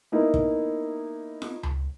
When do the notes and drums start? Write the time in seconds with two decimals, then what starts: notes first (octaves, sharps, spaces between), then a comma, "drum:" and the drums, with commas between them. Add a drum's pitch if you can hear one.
0.12 A#3 B3 D#4 E4
0.34 drum: kick
1.42 drum: snare F4
1.63 drum: tom C#2